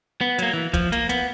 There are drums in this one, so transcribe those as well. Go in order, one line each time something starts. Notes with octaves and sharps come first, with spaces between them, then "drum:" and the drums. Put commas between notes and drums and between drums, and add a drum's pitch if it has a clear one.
B3
F#3 A#3, drum: hi-hat
E3
F3, drum: kick, hi-hat
A#3, drum: hi-hat
B3, drum: hi-hat